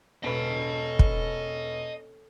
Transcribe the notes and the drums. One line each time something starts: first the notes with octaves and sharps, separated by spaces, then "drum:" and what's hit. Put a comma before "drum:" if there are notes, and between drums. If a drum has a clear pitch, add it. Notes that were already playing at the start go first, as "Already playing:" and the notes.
E1 C#4 A4 B4 D#5 A5
drum: kick